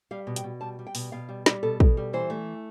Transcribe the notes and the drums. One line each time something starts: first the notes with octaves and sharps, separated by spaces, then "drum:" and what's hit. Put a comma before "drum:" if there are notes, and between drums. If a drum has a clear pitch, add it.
G3 F5
B2
G5, drum: hi-hat
B2
G3 A5
G3
G5
B2, drum: open hi-hat
B2 F5
G3
G3, drum: snare
B2 A4
B2, drum: kick
G3
E3 C5
A3